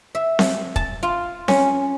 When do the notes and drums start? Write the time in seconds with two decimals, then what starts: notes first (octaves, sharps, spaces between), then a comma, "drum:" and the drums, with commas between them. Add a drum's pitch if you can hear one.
0.15 E5
0.39 drum: snare C4
0.76 A5, drum: kick
1.03 F4
1.48 C#4, drum: snare C4